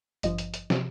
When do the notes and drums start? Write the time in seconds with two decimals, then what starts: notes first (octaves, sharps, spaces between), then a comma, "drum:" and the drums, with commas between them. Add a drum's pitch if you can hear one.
0.23 G#1 G2 F3 D#5, drum: hi-hat
0.38 drum: hi-hat
0.54 drum: hi-hat
0.70 C3 F3, drum: snare